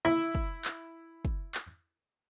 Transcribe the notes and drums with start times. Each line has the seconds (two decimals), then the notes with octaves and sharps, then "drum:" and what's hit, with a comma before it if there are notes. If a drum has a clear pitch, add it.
0.05 E4 E5
0.35 drum: kick
0.65 drum: clap
1.25 drum: kick
1.55 drum: clap